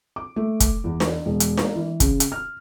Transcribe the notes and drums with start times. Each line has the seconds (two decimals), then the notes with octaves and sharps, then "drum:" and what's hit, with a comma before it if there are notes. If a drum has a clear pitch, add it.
0.16 D6
0.36 A3
0.60 drum: kick, hi-hat
0.84 E2
1.00 drum: snare D4
1.26 E1
1.40 drum: hi-hat
1.57 A#3, drum: snare D4
1.76 E3
2.00 C#3, drum: kick, hi-hat
2.20 drum: hi-hat
2.32 F6